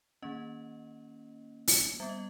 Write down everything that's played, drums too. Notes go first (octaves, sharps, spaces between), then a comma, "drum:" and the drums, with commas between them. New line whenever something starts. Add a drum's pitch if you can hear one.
D#3 A#3 C#4 D#5
drum: open hi-hat
G3 B3 E5
D#5